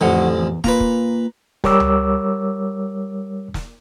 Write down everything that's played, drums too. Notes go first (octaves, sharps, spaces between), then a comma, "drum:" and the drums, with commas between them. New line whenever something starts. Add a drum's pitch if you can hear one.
A1 F2 D3 F3 F#5
E2
A#3 F4 B4 A#5, drum: snare
drum: kick
G3 A#4 C#5 D6 E6, drum: snare
drum: tom C#2
drum: snare